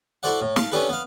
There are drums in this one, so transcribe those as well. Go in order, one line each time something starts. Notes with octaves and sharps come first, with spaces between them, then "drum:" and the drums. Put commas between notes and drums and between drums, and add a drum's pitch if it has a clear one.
E4 F#4 A4 C5 D5 F#5
A2
F5 A5, drum: snare
B3 C#4 D4 G4 A4 B4
B3 F5